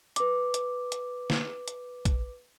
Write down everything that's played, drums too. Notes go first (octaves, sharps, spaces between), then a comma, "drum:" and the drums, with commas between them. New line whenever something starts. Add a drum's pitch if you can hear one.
B4 D6, drum: hi-hat
drum: hi-hat
drum: hi-hat
drum: snare
drum: hi-hat
drum: kick, hi-hat